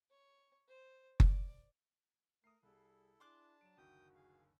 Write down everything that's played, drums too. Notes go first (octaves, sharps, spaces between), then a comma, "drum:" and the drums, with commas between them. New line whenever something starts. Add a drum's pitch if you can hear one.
C#5
C5
D5, drum: kick F#1
A3 A#4 D#6 C7
C2 G3 E4 G#4 A4
D4 E4 G#4 A5 C6 D6 F#6
F#3 D7 E7
F#1 D2 D#3 F#4 G5 D#6
G#4 F5